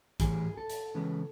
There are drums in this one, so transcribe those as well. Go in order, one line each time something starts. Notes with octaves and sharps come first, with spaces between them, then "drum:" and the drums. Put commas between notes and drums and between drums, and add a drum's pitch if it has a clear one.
A2 E3 G3 G#4, drum: kick, hi-hat
A4
drum: hi-hat
C#3 E3 G#3 B3